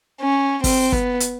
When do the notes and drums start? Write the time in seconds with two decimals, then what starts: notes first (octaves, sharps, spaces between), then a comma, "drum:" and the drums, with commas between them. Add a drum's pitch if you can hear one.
0.21 C#4
0.64 C4, drum: kick, open hi-hat
0.92 B3, drum: kick
1.20 drum: hi-hat